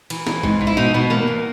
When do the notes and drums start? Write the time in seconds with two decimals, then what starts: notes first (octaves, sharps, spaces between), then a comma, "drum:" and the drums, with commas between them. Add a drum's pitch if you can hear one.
0.10 E3, drum: cymbal
0.27 E3, drum: snare
0.43 G#2, drum: kick G#1
0.61 G#2
0.67 E4
0.77 B2 D#4
0.94 B2 B3
1.10 E2 A#3
1.28 E2